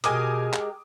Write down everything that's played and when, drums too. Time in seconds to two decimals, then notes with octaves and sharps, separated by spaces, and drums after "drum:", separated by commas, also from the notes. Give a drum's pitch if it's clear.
0.04 B2 G#3 G4 A#4 G#5 D6 D#6, drum: hi-hat
0.53 drum: clap